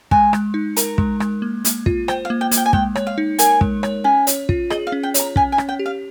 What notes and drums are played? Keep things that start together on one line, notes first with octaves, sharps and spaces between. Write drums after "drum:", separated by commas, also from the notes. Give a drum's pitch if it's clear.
G#3 G#5, drum: kick
G#3, drum: rim click
D#4
A#4 A#5, drum: hi-hat
G#3, drum: kick
G#3, drum: rim click
A#3
A#3, drum: hi-hat
F4, drum: kick
C5 G5, drum: rim click
F5
A#3
G5
A#3, drum: hi-hat
G5
G#5
G#3 G5, drum: kick
C#5, drum: rim click
F5
D#4
A#4 G#5, drum: hi-hat
G#3, drum: kick
C#5, drum: rim click
C#4 G#5
C#5, drum: hi-hat
F4, drum: kick
G#4 D#5, drum: rim click
F5
C#4
G5
C#5, drum: hi-hat
A#5
C#4 G#5, drum: kick
G#5
C#4, drum: rim click
G5
G4
F5